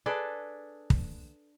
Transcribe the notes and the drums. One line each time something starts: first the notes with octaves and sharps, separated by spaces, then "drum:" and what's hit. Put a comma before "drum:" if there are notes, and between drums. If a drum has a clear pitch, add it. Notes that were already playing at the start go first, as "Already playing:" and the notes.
D4 G#4 A4 B4
drum: kick